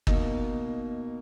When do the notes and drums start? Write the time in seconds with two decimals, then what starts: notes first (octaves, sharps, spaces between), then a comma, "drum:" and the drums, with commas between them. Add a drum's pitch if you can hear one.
0.07 B2 A#3 D#4, drum: kick